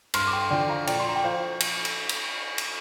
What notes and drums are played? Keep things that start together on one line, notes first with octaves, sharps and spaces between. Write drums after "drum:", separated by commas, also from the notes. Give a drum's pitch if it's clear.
G2 C6 F6, drum: cymbal
D6
G5 C6
D3 F3 D5 G5
F5 A#5
A#2 D5 G5, drum: cymbal
C6
A#5
G5
F3 C5 F5
drum: cymbal
drum: cymbal
drum: cymbal
drum: cymbal